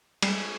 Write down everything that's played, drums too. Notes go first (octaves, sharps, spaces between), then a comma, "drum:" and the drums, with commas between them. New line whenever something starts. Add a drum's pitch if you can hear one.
G3 G#3, drum: cymbal